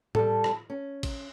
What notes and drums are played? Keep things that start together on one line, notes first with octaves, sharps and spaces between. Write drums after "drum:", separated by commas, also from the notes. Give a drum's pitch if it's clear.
G3 A4, drum: tom A2
drum: rim click
C#4
drum: kick A1, cymbal